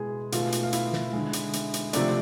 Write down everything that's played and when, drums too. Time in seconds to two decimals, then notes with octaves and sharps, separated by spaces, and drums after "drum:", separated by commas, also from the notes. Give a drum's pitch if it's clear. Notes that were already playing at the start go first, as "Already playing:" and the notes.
Already playing: B2 G#3 E4 G#4 G#5
0.32 B2 A3 F4 F5, drum: hi-hat
0.52 drum: hi-hat
0.63 F5
0.73 E4 E5, drum: hi-hat
0.93 drum: snare
1.13 D3 G#3
1.33 drum: hi-hat
1.53 drum: hi-hat
1.74 drum: hi-hat
1.93 C3 F3 A3 D4 D5, drum: hi-hat